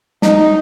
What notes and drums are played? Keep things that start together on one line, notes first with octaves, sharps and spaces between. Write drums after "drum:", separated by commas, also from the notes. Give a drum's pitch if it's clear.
D#4, drum: snare